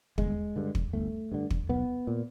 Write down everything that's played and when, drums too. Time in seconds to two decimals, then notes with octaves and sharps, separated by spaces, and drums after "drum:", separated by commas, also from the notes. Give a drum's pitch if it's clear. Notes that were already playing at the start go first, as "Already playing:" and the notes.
0.18 G1 G#3, drum: kick
0.56 G2 D3
0.75 drum: kick
0.93 G1 A3
1.32 G2 D3
1.50 drum: kick
1.69 B1 B3
2.07 A#2